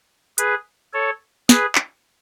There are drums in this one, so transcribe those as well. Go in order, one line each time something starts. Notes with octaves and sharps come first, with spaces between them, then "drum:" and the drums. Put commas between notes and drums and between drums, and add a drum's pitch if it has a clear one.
G#4 B4, drum: hi-hat
A4 C#5
G#4 B4, drum: snare
drum: clap